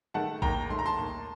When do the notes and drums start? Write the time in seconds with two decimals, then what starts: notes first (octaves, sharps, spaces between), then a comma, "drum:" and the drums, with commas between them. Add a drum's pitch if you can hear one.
0.14 D#3 A3 F#5 A5
0.42 D#2 G5 A#5, drum: kick A#1
0.70 D#3 A3 C6
0.79 A#5
0.86 A5 C6
0.99 D#2